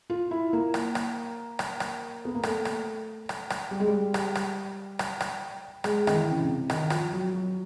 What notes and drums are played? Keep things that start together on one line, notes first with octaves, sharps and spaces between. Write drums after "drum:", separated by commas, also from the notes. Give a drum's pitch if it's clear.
F4
E4
A#3
drum: rim click
drum: rim click
drum: rim click
drum: rim click
B3
A#3
A3, drum: rim click
drum: rim click
drum: rim click
drum: rim click
G3
G#3
G3
drum: rim click
drum: rim click
drum: rim click
drum: rim click
G#3, drum: rim click
D#3, drum: rim click
E3
C#3
C3
D#3, drum: rim click
F3, drum: rim click
F#3
F#3